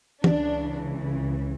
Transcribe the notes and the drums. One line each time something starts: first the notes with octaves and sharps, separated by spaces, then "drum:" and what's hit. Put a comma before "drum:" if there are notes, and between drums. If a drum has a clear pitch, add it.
C#2 C#3 E3 D4, drum: tom E3